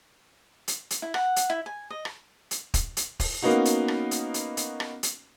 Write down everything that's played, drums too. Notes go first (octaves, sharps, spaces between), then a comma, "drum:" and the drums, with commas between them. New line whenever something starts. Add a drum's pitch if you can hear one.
drum: hi-hat
drum: hi-hat
E4
F#5, drum: rim click
drum: hi-hat
E4
G#5
D#5
drum: rim click
drum: hi-hat
drum: kick, hi-hat
drum: hi-hat
drum: kick, open hi-hat
A#3 B3 C#4 D#4 F#4
drum: hi-hat
drum: rim click
drum: hi-hat
drum: hi-hat
drum: hi-hat
drum: rim click
drum: hi-hat